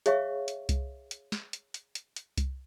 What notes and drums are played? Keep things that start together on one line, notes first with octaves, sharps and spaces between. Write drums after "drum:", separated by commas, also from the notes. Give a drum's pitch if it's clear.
G#4 C#5 E5 F5 C#6, drum: hi-hat
drum: hi-hat
drum: kick C2, hi-hat
drum: hi-hat
drum: snare
drum: hi-hat
drum: hi-hat
drum: hi-hat
drum: hi-hat
drum: kick C2, hi-hat